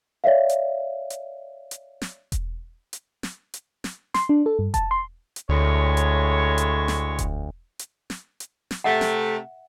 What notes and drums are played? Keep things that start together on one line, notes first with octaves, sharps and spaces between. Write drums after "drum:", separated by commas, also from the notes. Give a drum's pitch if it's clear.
C#5 D5 E5 F5
drum: hi-hat
drum: hi-hat
drum: hi-hat
drum: snare
drum: kick E1, hi-hat
drum: hi-hat
drum: snare
drum: hi-hat
drum: snare
C6, drum: snare
D4
A4
G2
A5, drum: kick E1, hi-hat
C6
drum: hi-hat
D2 A2 G#3 C#5
drum: hi-hat
drum: hi-hat
drum: snare
drum: kick E1, hi-hat
drum: hi-hat
drum: snare
drum: hi-hat
drum: snare
C3 A3 E5 F#5
drum: snare